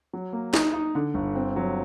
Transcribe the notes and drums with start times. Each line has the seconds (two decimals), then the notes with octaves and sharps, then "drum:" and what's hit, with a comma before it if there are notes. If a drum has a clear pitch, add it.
0.13 F#3
0.33 A#3
0.54 D#4, drum: snare
0.74 D#4
0.95 D3
1.14 G1
1.35 C4
1.56 F#3